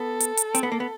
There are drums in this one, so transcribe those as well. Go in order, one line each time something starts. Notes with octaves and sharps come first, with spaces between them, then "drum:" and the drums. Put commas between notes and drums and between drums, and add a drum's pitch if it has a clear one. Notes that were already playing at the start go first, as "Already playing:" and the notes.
Already playing: B3 A4
drum: hi-hat
drum: hi-hat
C4, drum: hi-hat
B3
A#3
B3